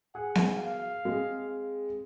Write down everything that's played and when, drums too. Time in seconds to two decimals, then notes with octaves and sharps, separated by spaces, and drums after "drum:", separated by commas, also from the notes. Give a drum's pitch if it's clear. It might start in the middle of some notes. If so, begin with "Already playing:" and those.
0.15 G#4 F#5
0.35 drum: snare B3
0.58 F5
1.05 G#3 C4 G#4